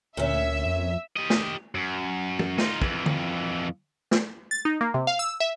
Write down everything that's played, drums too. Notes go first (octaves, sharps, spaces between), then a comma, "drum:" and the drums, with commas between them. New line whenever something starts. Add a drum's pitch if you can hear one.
D2 A#2 C#4 E5
F2
G4 D#5
drum: snare
F#2
drum: tom
D#4 F4, drum: snare
F2 E3, drum: kick
drum: tom
drum: snare
A6
D#4
A#3
C3
F5
E6
E5